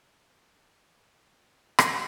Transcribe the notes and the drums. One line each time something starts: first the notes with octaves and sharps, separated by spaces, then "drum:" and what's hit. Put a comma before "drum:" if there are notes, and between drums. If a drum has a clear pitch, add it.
E2 E3 A3 D#4
drum: rim click